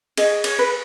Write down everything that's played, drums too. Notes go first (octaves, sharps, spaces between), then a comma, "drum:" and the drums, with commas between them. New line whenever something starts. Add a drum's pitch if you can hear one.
G#4 D#5, drum: cymbal
C#5, drum: cymbal
B4